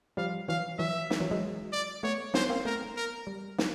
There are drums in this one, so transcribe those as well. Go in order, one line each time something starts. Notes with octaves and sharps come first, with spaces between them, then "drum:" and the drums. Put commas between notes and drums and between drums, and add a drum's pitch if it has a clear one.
F3 G3 F5
E3 F#3 F5
E3 F#3 E5
drum: snare
E3 F#3
F#3 G#3
D5
A3 B3 C#5
B3 C#4 C5, drum: snare
A#3 C4
A3 B3 A#4
A#4
G3
drum: snare